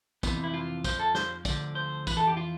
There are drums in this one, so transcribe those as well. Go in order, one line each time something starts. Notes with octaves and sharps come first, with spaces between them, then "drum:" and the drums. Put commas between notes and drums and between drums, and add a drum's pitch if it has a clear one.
F2 C3 E3 B3, drum: kick, tambourine
E4
F4
F2 C3 F3 C5, drum: kick, tambourine
A4
C5, drum: snare
D2 D3 F3 D5, drum: kick, tambourine
C5
F2 E3 B4, drum: kick, tambourine
A4
G4
F4